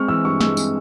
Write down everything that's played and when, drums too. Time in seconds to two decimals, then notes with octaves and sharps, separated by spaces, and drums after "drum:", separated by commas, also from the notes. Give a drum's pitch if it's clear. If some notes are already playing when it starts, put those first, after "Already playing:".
Already playing: G#3 C4 C#6 F6
0.08 E3 E6
0.24 G2 C#6
0.40 G#3 E6, drum: snare
0.57 C4, drum: tambourine